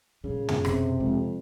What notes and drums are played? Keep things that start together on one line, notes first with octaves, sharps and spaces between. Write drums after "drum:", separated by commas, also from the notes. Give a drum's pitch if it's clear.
A#2 C#3 G3
drum: tom
C3 B3 E4, drum: rim click
F2 G#3